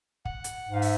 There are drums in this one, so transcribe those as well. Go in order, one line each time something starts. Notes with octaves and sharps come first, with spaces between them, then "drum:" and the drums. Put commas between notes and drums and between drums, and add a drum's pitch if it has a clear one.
F#5, drum: kick
drum: hi-hat
G#2
F5
E5, drum: open hi-hat